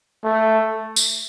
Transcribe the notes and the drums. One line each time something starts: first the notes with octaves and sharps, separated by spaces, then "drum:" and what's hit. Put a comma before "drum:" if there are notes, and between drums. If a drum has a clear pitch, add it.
A3
drum: tambourine